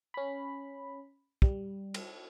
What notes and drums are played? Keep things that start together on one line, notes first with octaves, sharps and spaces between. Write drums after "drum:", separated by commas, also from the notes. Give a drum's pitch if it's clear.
C#4 B5
G3, drum: kick
drum: cymbal